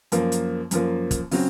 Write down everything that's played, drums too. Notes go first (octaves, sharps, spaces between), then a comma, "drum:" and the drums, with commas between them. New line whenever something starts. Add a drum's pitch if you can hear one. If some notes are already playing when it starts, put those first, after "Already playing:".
F#2 F3 A#3, drum: hi-hat
drum: hi-hat
F#2 F3 A#3, drum: hi-hat
drum: kick, hi-hat
C#3 F#3 C4, drum: open hi-hat